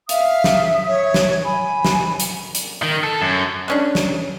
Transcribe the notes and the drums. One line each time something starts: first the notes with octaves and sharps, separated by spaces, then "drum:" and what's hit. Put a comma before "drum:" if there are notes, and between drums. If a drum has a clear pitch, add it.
E5 F5 D#6, drum: hi-hat
drum: snare
C#5
drum: snare
G#5 B5
drum: snare
drum: hi-hat
drum: hi-hat
D#3
A4
F#2
G#3 C#4 D4
drum: snare